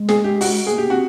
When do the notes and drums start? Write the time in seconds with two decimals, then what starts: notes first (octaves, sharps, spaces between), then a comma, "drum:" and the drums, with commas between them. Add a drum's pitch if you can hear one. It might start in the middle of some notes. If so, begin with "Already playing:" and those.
Already playing: G#3
0.09 G#4, drum: snare
0.24 G4
0.41 F#4, drum: open hi-hat
0.67 A#3 G#4
0.78 G4
0.87 C4 F#4